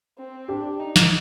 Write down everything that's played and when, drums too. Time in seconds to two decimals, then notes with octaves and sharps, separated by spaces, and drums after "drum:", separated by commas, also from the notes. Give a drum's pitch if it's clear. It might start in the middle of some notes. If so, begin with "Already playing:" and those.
0.18 C4
0.48 D4 G4
0.79 D#4
0.96 drum: snare